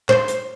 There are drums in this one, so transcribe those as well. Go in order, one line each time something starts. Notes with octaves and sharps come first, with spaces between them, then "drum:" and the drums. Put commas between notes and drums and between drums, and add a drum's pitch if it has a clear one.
C5, drum: clap
drum: hi-hat